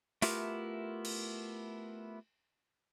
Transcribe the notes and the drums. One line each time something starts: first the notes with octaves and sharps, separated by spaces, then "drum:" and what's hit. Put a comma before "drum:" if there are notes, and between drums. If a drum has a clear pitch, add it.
A3 B3 E4 F4 G4 A#4, drum: open hi-hat
drum: cymbal